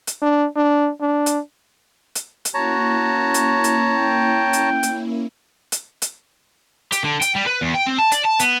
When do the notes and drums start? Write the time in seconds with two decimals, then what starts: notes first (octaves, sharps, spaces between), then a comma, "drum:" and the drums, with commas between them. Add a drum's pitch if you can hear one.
0.07 drum: hi-hat
0.22 D4
0.56 D4
1.01 D4
1.26 drum: hi-hat
2.15 drum: hi-hat
2.45 drum: hi-hat
2.54 A#3 C#4 E4 F#4 C#5 A5 A#5
3.34 drum: hi-hat
3.64 drum: hi-hat
3.95 G5
4.53 drum: hi-hat
4.83 drum: hi-hat
5.72 drum: hi-hat
6.02 drum: hi-hat
6.92 G4, drum: hi-hat
7.05 D3
7.22 G5, drum: hi-hat
7.36 G3
7.47 B4
7.62 E2
7.75 G5
7.87 C4
7.98 A5
8.12 D5, drum: hi-hat
8.25 A5
8.39 B3, drum: hi-hat